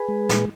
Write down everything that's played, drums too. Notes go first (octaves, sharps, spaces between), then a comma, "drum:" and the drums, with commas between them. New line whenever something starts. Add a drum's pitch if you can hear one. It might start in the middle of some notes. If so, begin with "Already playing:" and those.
Already playing: G#4 B4
G#3
A#2, drum: snare